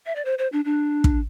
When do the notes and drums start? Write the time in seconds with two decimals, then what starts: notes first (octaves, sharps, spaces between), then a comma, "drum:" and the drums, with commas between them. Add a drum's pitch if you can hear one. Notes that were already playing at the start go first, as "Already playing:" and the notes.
0.06 E5
0.16 D5
0.25 C5
0.38 C5
0.52 D4
0.65 D4
1.04 drum: kick